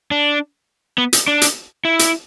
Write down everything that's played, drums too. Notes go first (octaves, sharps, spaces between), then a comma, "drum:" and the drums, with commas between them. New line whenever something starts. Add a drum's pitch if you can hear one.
D4
B3
drum: hi-hat
D4
drum: hi-hat
E4
drum: hi-hat